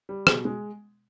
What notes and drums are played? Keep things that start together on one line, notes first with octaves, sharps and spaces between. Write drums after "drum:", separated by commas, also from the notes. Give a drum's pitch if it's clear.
G3
B2, drum: rim click
G#3